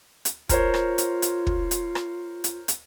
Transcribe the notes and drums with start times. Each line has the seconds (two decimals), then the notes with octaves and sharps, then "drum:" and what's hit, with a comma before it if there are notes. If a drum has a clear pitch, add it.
0.25 drum: hi-hat
0.49 F4 A#4 C5 C#5, drum: kick, hi-hat
0.74 drum: rim click
0.98 drum: hi-hat
1.22 drum: hi-hat
1.47 drum: kick
1.71 drum: hi-hat
1.95 drum: rim click
2.44 drum: hi-hat
2.68 drum: hi-hat